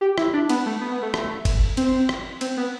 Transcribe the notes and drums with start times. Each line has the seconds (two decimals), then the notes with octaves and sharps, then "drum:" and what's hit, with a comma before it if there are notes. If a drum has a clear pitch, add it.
0.01 G4
0.18 E4, drum: rim click
0.33 D4
0.49 B3, drum: cymbal
0.66 A3
0.81 B3
0.92 B3
1.02 A3
1.14 A3, drum: rim click
1.45 drum: kick G1, cymbal
1.77 C4, drum: cymbal
2.09 drum: rim click
2.41 C4, drum: cymbal
2.57 B3